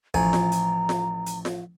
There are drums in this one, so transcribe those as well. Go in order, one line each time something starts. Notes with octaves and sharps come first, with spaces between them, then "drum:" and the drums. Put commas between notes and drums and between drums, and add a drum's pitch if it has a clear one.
A1 F3 G#5 A#5, drum: kick
drum: snare F4
drum: hi-hat
drum: snare F4
drum: hi-hat
drum: snare F4